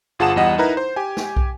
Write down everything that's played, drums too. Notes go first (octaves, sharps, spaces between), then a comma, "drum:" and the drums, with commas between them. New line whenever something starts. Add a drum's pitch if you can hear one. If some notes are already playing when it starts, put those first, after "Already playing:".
G1 F4 G#4 F#5 A5 E7
E2 G3 D#5 F#5
D#4 E4 A#4 B4 A#5
C5
G4 G#5
drum: snare
drum: kick